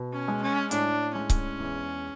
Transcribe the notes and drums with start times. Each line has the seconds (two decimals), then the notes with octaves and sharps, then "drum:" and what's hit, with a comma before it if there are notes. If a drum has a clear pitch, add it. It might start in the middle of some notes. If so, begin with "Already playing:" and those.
Already playing: B2
0.13 C#4
0.28 G#3
0.42 C#4
0.71 A2 D4, drum: hi-hat
1.15 G#3 C#4
1.30 drum: kick C#1, hi-hat
1.59 E2